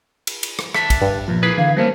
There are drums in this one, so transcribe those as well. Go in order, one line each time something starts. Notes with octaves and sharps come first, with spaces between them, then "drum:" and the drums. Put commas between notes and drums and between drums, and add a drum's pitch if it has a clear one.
drum: cymbal
drum: cymbal
drum: rim click
D3 E5 A5, drum: rim click
drum: kick A#1, cymbal
G2
E2 A#2 F3
A#3 E4 G#4 B4
D3 E3 F5 G#6
E3 G3 A3 A#3 C#4 C5